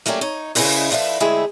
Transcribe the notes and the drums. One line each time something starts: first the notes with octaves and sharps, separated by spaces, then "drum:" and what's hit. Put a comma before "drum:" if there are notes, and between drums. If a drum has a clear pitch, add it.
F#3 A3 A#3 C#4 D4 G4
D#4 C#5
C#3 C#4 E4 G#4 D#5, drum: open hi-hat
F3 D4 E4 A4 B4
D3 G#3 A3 C4 E4 G#4